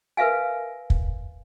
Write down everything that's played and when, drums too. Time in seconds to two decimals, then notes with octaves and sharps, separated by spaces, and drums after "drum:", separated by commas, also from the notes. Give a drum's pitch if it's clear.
0.17 A#4 B4 E5 F5 G#5
0.90 drum: kick